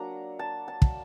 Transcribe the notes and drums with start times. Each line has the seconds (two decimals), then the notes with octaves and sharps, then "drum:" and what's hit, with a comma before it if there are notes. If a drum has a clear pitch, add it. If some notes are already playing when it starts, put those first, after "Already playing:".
Already playing: F#3 A#3 D4 A#5
0.39 A5
0.68 A5
0.82 drum: kick